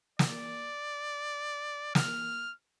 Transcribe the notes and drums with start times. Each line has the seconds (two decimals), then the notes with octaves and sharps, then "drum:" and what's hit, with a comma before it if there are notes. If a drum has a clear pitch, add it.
0.19 D5, drum: snare
1.95 F6, drum: snare